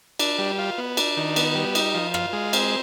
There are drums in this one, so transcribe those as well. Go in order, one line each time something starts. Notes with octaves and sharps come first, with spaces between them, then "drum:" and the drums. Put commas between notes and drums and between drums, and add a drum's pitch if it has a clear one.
D4, drum: cymbal
G3
F4
B3
D4, drum: cymbal
D#3
B3, drum: cymbal
G3
D#4, drum: cymbal
F3
F4, drum: rim click
G#3
C4, drum: cymbal